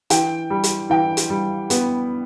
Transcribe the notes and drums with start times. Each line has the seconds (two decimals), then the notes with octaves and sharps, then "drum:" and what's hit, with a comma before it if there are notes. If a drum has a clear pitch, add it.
0.10 E3 G5, drum: hi-hat
0.50 G3
0.64 drum: hi-hat
0.90 E3 G5
1.17 drum: hi-hat
1.30 G3
1.70 B3, drum: hi-hat